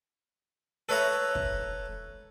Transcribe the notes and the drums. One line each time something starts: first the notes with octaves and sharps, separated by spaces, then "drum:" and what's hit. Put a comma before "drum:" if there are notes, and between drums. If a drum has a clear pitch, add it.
A4 B4 C#5 E5 A#5
drum: kick